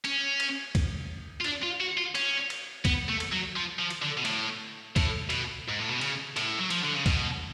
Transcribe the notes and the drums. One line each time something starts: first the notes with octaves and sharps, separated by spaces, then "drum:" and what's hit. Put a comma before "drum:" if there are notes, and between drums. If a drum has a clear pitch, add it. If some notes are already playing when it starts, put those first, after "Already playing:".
C#4, drum: cymbal
drum: cymbal
drum: kick, cymbal
F4
D4, drum: cymbal
F4
F#4
F4
C#4, drum: cymbal
drum: cymbal
B3, drum: kick, cymbal
A3
drum: cymbal
F#3
F3
F3
drum: cymbal
D3
B2
A2, drum: cymbal
A2, drum: kick, cymbal
B2, drum: cymbal
G#2
A2
B2
C#3, drum: cymbal
A2, drum: cymbal
F#3
F3, drum: cymbal
D3
C#3
B2, drum: kick, cymbal